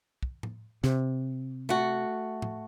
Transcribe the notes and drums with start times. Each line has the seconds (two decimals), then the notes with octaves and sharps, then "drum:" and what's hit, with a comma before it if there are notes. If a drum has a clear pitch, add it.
0.23 drum: kick
0.43 drum: tom A2
0.84 C3, drum: snare
1.69 A3 F#4
2.42 drum: tom A2